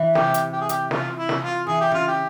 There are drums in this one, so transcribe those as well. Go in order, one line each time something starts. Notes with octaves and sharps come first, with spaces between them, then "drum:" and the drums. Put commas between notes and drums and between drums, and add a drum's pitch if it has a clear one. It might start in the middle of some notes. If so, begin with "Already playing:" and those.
Already playing: E3
C3 G4, drum: snare
drum: hi-hat
G4
G#4
G4, drum: hi-hat
F4, drum: snare
E4
drum: snare
F4
E3 G#4
G4
C#3 F4
G4